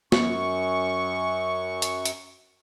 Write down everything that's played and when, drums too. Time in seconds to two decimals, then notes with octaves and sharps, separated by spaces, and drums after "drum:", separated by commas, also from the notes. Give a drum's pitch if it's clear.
0.12 F#2 C#6, drum: snare
1.82 drum: hi-hat
2.05 drum: hi-hat